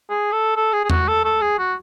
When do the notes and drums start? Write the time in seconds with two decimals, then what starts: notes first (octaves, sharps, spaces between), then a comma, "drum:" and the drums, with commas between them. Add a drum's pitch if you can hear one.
0.10 G#4
0.32 A4
0.56 A4
0.73 G#4
0.84 G#4
0.90 F#4, drum: tom E2
1.08 A4
1.25 A4
1.41 G#4
1.59 F#4